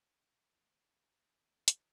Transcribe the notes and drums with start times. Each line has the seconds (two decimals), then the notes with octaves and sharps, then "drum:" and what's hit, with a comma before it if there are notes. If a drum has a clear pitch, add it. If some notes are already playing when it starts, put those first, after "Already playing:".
0.54 D#2 A3
0.80 C#3 E3
1.19 C4
1.36 E2 A2
1.68 D#3, drum: hi-hat